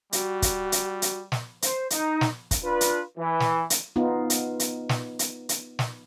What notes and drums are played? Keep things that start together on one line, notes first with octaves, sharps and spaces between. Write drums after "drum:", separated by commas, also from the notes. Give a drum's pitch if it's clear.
G3 F#4, drum: hi-hat
drum: kick, hi-hat
drum: hi-hat
drum: hi-hat
drum: snare
C5, drum: hi-hat
D#4, drum: hi-hat
drum: snare
drum: kick, hi-hat
D4 F4 B4
drum: hi-hat
E3
drum: snare
drum: hi-hat
B3 D#4 F4
drum: hi-hat
drum: hi-hat
drum: snare
drum: hi-hat
drum: hi-hat
drum: snare